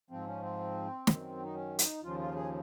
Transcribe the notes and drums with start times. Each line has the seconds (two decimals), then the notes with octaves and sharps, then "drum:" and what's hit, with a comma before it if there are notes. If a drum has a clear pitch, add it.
0.10 G#2 F3 C4
0.27 C#4
0.42 C4
1.07 F#2 D#3, drum: snare
1.45 D#4
1.55 C#4
1.79 D#4, drum: hi-hat
2.03 D#2 C#3 F3 F4
2.19 F4
2.35 G#4